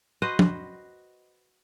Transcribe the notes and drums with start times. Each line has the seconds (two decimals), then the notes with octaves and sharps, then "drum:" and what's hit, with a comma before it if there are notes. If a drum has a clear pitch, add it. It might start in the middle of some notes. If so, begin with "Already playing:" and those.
0.22 F#4 B4 C5 D#5
0.39 drum: tom